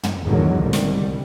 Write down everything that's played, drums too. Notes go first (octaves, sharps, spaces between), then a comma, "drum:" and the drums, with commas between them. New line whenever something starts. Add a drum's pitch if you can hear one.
drum: tom
E2 G#2 D3 D#3 F3 F#3
C2 D3 G3
drum: snare